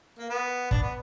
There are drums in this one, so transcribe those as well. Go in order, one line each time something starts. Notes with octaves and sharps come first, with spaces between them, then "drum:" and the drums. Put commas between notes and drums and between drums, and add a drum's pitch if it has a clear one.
A#3
B3
D4, drum: kick
B3